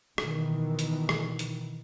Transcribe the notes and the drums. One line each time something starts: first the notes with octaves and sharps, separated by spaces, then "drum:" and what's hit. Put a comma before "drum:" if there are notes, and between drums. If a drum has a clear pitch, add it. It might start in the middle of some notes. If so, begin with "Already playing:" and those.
B2 D#3 E3, drum: rim click
drum: hi-hat
drum: rim click
drum: hi-hat